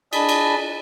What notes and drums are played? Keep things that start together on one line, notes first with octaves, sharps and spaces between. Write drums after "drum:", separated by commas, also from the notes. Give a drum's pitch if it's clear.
D4 G#4 D#5 A5 B5, drum: cymbal
drum: cymbal